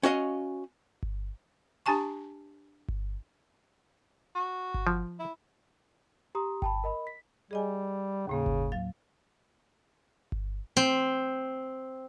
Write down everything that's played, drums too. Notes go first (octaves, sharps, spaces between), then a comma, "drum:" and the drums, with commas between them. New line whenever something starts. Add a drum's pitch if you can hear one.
C#4 F#4 D#5 F5
drum: kick G1
D4 G4 G#5 A5 C#6
drum: kick G1
F#4
drum: kick G1
F3
E4
G4 A#5 C6 D#6
G5 A5 B5, drum: kick G1
A#4 D#5 B5
B6
G3 G#4 D#5 G#5
D#2 A2 C#3 A#3
drum: kick G1
F#3 F5
drum: kick G1
C4